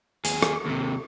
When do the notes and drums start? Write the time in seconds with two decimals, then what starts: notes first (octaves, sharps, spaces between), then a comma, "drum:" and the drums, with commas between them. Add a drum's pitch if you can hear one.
0.25 D#2 G#4, drum: hi-hat
0.42 drum: rim click
0.66 D#2 C3